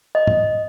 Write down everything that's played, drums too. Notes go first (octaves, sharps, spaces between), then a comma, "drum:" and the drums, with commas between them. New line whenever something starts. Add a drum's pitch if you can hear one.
D#5
drum: tom